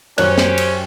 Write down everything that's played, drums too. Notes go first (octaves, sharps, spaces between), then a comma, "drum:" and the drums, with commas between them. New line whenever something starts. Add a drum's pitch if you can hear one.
F#2 C#4 G4 C5 C#5 F#6, drum: cymbal
drum: snare
drum: cymbal